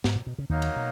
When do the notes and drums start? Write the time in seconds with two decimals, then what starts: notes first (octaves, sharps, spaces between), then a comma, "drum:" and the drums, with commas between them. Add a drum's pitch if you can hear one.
0.04 G#2, drum: snare
0.16 A#2
0.27 B2
0.38 C#3
0.50 D#2 D#3 F#3 A#3 D#4
0.62 drum: cymbal
0.76 B2